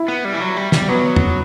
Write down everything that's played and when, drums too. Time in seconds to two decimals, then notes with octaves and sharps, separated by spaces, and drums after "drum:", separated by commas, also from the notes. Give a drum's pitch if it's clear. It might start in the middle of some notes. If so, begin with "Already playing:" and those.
Already playing: E4
0.08 B3
0.25 G3
0.34 E3
0.41 F#3
0.57 G3
0.72 G3, drum: snare
0.88 F#3 B3
1.16 drum: tom